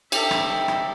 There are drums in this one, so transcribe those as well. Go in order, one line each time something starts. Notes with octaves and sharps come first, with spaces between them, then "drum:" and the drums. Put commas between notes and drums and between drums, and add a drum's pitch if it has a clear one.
D#4 G4 A4 E5, drum: cymbal
drum: rim click
drum: rim click